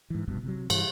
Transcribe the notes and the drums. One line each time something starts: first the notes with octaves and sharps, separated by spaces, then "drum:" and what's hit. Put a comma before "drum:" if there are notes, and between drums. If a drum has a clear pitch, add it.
G#2 E3
F#1 C2 G2 B2
C3 F#3
G2 E3, drum: cymbal